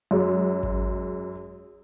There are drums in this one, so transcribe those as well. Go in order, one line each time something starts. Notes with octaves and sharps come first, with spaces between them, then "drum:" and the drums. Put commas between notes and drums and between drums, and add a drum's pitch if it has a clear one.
F#2 F#3 G#3
drum: kick G#1